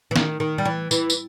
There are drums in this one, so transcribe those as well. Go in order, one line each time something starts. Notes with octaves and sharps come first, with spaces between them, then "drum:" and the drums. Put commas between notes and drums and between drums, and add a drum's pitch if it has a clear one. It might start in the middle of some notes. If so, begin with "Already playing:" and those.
E3
D#3, drum: snare
D#3
G3
E3
E3, drum: tambourine
drum: tambourine